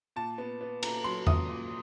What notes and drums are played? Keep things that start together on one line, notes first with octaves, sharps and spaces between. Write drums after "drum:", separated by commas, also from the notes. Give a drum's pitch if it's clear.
A#2 A5
B3
B3
A#2 A#5, drum: cymbal
F#3 C6
A#2 D#6, drum: tom E2
A#2